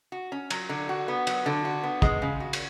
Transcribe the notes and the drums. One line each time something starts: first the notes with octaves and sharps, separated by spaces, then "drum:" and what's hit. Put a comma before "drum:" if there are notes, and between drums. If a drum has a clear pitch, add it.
F#4
C#4
F#3, drum: cymbal
D3
F#4
B3
F#3, drum: cymbal
D3
F#4
B3
G#3, drum: kick
C#3
F#4
drum: cymbal